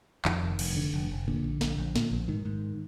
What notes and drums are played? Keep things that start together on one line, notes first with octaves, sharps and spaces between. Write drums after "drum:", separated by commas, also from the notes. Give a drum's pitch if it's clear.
F2 D#3, drum: clap
F1
F1, drum: cymbal
D3
F1
F1
A#2 D3
A#1
A#1, drum: snare
A#1
A#2, drum: snare
A#1
G#2 D#3
G#2